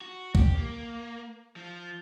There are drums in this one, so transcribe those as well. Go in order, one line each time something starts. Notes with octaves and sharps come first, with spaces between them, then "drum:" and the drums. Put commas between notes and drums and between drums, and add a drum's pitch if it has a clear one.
F#4
G4, drum: kick
A#3
F3